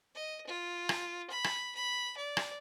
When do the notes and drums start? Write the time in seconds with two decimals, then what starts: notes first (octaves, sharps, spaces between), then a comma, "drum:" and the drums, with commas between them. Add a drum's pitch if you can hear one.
0.15 D#5
0.47 F4
0.89 drum: rim click
1.30 B5
1.44 drum: rim click
1.75 B5
2.17 D5
2.37 drum: rim click